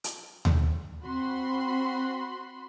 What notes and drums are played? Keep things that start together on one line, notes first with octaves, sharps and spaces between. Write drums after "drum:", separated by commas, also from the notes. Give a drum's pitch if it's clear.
drum: hi-hat
drum: tom D#2
C4 F#4 B5 C6